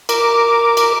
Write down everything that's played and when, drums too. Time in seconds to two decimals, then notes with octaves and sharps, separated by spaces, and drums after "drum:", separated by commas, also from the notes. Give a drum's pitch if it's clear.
0.09 A#4 D6, drum: cymbal
0.77 drum: cymbal